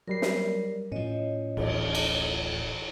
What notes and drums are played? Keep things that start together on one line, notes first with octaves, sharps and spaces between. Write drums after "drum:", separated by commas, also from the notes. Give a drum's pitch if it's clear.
F#3 G3 A#4 C7
drum: snare
A2 F3 C#4 C#5 D#5
D1 A1, drum: cymbal
drum: cymbal